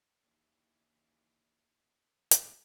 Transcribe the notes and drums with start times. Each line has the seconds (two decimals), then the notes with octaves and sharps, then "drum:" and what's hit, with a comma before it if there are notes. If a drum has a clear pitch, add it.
0.21 D#2 C#3 E3 D4
2.31 drum: hi-hat